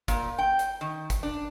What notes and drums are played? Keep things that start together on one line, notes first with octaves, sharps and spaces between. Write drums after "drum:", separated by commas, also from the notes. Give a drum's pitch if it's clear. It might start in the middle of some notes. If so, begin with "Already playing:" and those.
A#2, drum: kick G1, hi-hat
G5
drum: hi-hat
D#3
drum: kick G1, hi-hat
D4